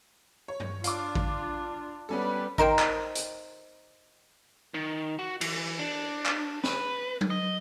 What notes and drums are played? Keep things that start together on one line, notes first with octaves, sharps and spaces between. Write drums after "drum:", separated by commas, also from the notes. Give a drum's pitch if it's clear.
C#5
drum: tom G2
D4 F4 F5 D6, drum: hi-hat
drum: kick A1
G3 B3 C#4 A4 B4
D#4 A#4 C5 G5, drum: kick A1
drum: clap
drum: hi-hat
D#3
F#4
E3, drum: cymbal
D4
drum: clap
B4, drum: snare
drum: tom F#3
D#5